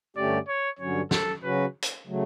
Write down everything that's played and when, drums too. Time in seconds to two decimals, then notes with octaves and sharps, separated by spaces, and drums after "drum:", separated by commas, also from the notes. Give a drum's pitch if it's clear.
0.17 G2 D3 A3 C#4 G4 D5
0.48 C#5
0.79 G2 D3 F#3 C#4 C#5
1.11 A4, drum: snare
1.43 C#3 F#3 C#4 F#4 B4
1.82 drum: hi-hat
2.07 C#3 F#3 A3